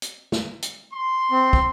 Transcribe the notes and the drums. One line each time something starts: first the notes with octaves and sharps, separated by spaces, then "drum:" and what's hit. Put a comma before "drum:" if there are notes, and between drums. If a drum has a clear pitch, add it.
drum: hi-hat
drum: snare
drum: hi-hat
C6
C4
drum: kick